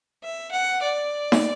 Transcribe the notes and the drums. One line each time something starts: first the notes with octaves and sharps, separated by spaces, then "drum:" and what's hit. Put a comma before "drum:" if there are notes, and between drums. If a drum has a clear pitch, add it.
E5
F#5
D5
drum: snare D#4